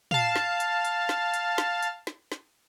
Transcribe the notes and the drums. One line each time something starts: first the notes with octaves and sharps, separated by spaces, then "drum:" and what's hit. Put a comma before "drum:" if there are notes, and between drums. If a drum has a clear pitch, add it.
F5 A5, drum: tom
drum: snare
drum: hi-hat
drum: hi-hat
drum: snare
drum: hi-hat
drum: snare
drum: hi-hat
drum: snare
drum: snare